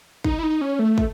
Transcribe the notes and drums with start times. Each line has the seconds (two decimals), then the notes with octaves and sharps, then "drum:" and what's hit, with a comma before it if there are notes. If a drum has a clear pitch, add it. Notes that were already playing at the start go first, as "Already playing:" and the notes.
0.24 D#4, drum: kick
0.39 E4
0.43 D#4
0.61 C#4
0.79 A3
0.98 drum: kick